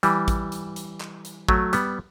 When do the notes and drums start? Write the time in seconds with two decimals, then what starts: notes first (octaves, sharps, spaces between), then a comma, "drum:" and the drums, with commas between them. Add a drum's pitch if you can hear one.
0.03 E3 G3, drum: hi-hat
0.28 drum: kick, hi-hat
0.52 drum: hi-hat
0.76 drum: hi-hat
1.01 drum: clap
1.25 drum: hi-hat
1.49 F#3 A3, drum: kick
1.73 G3 B3, drum: hi-hat